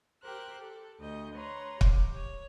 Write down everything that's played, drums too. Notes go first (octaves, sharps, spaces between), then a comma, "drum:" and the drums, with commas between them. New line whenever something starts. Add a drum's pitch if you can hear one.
G4 A#4 C5 F#6
A4
D2 D#5 G6
B4 C#5 A#5 C6
G4, drum: kick
C#5